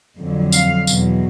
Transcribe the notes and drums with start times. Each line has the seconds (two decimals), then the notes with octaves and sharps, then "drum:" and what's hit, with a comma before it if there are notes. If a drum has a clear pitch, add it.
0.17 F2 D3 F#3
0.52 F5, drum: tambourine
0.87 E2 B2 F#3, drum: tambourine